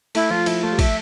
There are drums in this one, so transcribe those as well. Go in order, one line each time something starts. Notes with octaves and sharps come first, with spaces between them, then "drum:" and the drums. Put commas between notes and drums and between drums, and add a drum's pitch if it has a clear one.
A3 E4, drum: cymbal
F3 F4
F3 E4, drum: cymbal
A3 F4
G3
A3 E5, drum: kick, cymbal